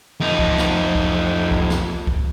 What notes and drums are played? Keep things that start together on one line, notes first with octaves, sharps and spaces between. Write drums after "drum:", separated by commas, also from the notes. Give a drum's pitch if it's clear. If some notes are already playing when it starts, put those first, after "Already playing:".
F2 D#4
drum: kick C2
drum: snare
drum: kick C2
drum: kick C2
drum: snare
drum: kick C2